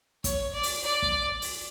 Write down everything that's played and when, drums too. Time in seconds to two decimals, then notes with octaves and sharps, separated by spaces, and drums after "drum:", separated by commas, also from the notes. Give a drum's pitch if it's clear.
0.24 C#5, drum: kick, hi-hat
0.53 D5
0.63 drum: open hi-hat
0.83 D5
1.02 drum: kick
1.42 drum: open hi-hat